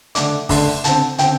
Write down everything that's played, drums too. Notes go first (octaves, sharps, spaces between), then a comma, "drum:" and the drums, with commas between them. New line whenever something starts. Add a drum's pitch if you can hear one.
D3 A3 D4 D6, drum: hi-hat
D3 A3 D4 C6, drum: kick, open hi-hat
D3 C4 A5, drum: hi-hat
D3 C4 G5, drum: hi-hat